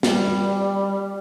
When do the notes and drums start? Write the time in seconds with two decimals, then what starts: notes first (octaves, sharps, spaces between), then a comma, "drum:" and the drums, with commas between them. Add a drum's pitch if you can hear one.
0.03 G3, drum: snare